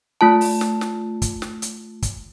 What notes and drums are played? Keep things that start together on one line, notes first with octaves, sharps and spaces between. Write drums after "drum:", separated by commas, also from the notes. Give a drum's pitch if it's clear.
A3 F4 A5
drum: open hi-hat
drum: snare
drum: snare
drum: kick, hi-hat
drum: snare
drum: hi-hat
drum: kick, hi-hat